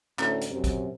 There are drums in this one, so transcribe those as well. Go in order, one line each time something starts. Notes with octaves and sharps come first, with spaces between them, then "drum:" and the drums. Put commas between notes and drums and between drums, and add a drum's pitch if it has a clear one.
D2 A2 C#4 A#5, drum: clap
drum: hi-hat
F#2 C3
drum: kick, hi-hat